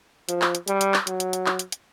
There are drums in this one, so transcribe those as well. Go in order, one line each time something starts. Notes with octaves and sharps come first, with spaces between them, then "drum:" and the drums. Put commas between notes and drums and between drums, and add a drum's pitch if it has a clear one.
F3, drum: hi-hat
drum: clap
drum: hi-hat
G3, drum: hi-hat
drum: hi-hat
drum: clap
F#3, drum: hi-hat
drum: hi-hat
drum: hi-hat
drum: clap
drum: hi-hat
drum: hi-hat